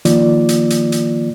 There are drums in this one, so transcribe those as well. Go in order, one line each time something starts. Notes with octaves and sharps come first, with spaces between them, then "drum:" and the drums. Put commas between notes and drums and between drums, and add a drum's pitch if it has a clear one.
D#3 F3 A#3 F4 D5, drum: hi-hat
drum: hi-hat
drum: hi-hat
drum: hi-hat